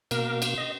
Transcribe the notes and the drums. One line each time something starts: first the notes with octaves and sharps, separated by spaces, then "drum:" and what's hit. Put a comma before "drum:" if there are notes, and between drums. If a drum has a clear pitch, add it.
B2 A#3 A#4, drum: cymbal
drum: cymbal
D#5